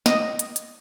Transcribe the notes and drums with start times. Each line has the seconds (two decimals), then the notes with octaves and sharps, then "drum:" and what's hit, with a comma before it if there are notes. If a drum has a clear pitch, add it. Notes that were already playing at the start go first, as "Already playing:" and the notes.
0.06 D#5, drum: snare
0.39 drum: hi-hat
0.56 drum: hi-hat